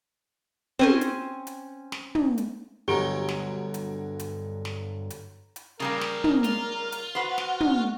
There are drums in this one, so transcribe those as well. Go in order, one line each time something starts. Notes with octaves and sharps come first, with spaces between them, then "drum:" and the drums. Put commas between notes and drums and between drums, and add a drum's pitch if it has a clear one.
C4 C#4 C5, drum: tom
drum: hi-hat
drum: hi-hat
drum: snare
drum: tom
drum: hi-hat
D2 G2 B2 F#3 G4 A#5 D7 G7
drum: snare
drum: hi-hat
drum: hi-hat
drum: snare
drum: hi-hat
drum: hi-hat
A#2 C#3 F3 G3 A#3 A#4
drum: snare
drum: tom
F4, drum: hi-hat
drum: hi-hat
F#4 B4 C5
drum: snare
drum: tom